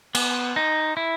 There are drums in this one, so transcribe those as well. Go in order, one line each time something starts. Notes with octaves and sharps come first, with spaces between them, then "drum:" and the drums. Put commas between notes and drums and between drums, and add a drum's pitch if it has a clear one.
B3, drum: cymbal
D#4
E4